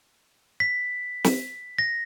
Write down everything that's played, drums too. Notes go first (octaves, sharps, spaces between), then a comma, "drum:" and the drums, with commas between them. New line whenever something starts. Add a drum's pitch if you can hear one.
B6
drum: snare
A#6